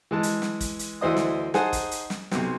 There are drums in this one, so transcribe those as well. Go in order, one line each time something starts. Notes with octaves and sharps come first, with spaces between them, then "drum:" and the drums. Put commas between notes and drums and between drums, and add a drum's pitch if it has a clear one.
E3 G#3 A5
drum: hi-hat
drum: snare
drum: kick, hi-hat
drum: hi-hat
D2 E3 E4 C5 D#5 D#6
drum: snare
D#4 G#4 C5 F#5 G#5 A5, drum: snare
drum: kick, hi-hat
drum: hi-hat
drum: snare
B1 C3, drum: snare